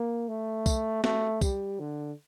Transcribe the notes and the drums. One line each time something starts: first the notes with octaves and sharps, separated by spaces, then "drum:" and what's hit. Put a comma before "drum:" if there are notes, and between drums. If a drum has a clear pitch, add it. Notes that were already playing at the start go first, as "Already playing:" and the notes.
Already playing: A#3
A3
drum: kick, tambourine
A3, drum: snare
G3, drum: kick, tambourine
D3